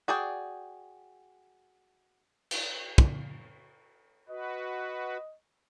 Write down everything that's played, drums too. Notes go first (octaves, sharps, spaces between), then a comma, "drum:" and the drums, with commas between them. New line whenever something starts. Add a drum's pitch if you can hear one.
F#4 G#4 D5 G5
drum: cymbal
drum: kick
F#4 B4 D#5